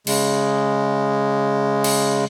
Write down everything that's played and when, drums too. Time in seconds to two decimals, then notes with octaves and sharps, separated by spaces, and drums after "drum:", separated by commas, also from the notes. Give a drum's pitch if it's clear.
0.07 C#3 G#3, drum: cymbal
1.84 drum: cymbal